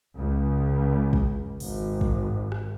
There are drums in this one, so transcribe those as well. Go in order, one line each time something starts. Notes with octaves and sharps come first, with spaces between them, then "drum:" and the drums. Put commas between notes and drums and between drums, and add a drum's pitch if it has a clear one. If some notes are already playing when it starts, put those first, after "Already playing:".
C#2
drum: kick
G#1, drum: open hi-hat
drum: kick
drum: rim click